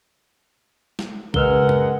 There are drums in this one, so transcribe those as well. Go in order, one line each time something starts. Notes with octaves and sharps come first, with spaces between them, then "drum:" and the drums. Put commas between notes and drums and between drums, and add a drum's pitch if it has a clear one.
drum: snare
C#3 G#3 A#4 B4 F#5 E6 F6 G7, drum: kick B1
drum: tom F#2